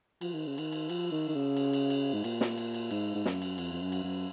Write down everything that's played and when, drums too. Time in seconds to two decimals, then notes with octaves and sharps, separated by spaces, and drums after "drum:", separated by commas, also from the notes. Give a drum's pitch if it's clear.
0.21 F3, drum: cymbal
0.34 D#3
0.47 C#3
0.58 D#3, drum: cymbal
0.72 drum: cymbal
0.89 F3, drum: cymbal
1.11 D#3
1.28 D#3
1.35 C#3
1.57 drum: cymbal
1.73 drum: cymbal
1.90 drum: cymbal
2.13 G#2
2.24 A#2, drum: cymbal
2.41 drum: snare
2.58 drum: cymbal
2.74 drum: cymbal
2.91 G#2, drum: cymbal
3.15 G#2
3.25 F#2, drum: snare
3.42 drum: cymbal
3.58 F2, drum: cymbal
3.72 F2
3.81 F#2
3.92 drum: cymbal
4.03 F#2